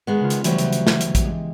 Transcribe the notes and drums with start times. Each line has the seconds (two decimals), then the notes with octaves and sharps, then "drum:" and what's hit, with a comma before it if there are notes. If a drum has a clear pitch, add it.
0.07 D#3 G#3 B3
0.20 C#3 F4
0.30 drum: hi-hat
0.44 D2 E3 F#3 G3 B3, drum: hi-hat
0.58 drum: hi-hat
0.73 drum: hi-hat
0.87 drum: snare
1.01 drum: hi-hat
1.15 drum: kick A#1, hi-hat
1.25 G#3 G4